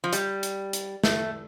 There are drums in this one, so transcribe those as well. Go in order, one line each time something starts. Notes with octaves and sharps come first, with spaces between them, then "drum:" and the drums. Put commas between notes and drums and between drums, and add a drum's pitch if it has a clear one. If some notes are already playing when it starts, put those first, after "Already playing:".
F3
G3, drum: hi-hat
drum: hi-hat
drum: hi-hat
A3, drum: snare